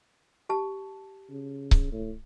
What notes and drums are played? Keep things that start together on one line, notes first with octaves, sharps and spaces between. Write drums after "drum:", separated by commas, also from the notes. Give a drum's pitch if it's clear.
G4 A5
C#3
drum: kick C#1
A2